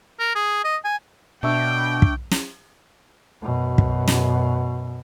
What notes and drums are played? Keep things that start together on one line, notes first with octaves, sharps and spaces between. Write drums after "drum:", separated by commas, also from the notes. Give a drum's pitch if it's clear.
A#4
G#4
D#5
G#5
B2 D4 C#5 E5 G5
drum: kick
drum: snare
F#2 B2
drum: kick
drum: snare